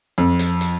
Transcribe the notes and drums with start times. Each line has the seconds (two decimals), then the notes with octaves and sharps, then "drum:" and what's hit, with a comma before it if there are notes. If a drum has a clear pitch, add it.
0.18 F2
0.39 drum: hi-hat
0.61 drum: hi-hat